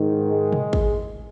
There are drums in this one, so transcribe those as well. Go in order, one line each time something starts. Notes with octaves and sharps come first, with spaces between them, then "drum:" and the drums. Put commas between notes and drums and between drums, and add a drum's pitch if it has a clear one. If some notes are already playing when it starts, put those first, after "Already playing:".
Already playing: G#2 D#3
G#3
drum: tom
drum: kick